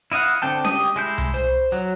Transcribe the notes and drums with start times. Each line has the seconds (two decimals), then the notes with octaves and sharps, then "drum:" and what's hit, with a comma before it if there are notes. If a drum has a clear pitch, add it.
0.12 E4 D#5 F5 F#5
0.29 drum: hi-hat
0.42 D3 C4 G5 A5
0.65 G4 D#5, drum: snare C#4
0.96 G#3 E4 G6
1.18 drum: tom C2
1.34 C5, drum: hi-hat
1.72 F#3, drum: hi-hat